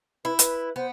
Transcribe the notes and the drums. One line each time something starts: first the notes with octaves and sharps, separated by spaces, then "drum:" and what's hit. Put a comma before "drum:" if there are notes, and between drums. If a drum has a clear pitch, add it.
E4 B4
B4, drum: hi-hat
B3 C5